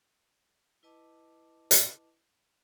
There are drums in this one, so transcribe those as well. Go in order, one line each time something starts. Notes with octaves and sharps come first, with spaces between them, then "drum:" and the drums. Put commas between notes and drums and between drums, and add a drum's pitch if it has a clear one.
E4 B4 D#5 A5 D6
drum: hi-hat